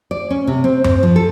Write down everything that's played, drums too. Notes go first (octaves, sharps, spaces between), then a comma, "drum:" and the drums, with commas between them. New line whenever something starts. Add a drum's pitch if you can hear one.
D5
C#4
C3
C4
C4, drum: tom F#2
F3
A4